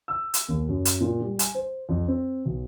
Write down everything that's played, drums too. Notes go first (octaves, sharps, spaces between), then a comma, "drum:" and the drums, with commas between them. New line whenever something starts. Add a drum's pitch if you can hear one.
E6
drum: hi-hat
D#2
F#2
drum: hi-hat
A#2
G3
G#5, drum: hi-hat
C5
F2
C4
B1